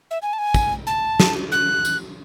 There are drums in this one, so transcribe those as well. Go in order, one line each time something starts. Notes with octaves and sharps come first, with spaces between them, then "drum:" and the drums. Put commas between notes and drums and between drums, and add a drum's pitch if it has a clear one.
E5
G#5
A5
G#5
drum: kick, tambourine
A5
drum: snare
F#6
drum: tambourine